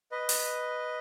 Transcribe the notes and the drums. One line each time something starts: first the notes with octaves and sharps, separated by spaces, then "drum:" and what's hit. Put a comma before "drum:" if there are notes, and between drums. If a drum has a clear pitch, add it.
B4 D#5
drum: open hi-hat